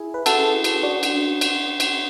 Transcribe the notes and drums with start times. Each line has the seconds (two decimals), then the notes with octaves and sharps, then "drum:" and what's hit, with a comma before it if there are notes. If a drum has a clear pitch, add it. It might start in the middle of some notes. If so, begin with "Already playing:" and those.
Already playing: E4 G#4
0.14 B4
0.26 F#4 A4, drum: cymbal
0.64 drum: cymbal
0.83 D4 F#4
1.03 drum: cymbal
1.41 drum: cymbal
1.80 drum: cymbal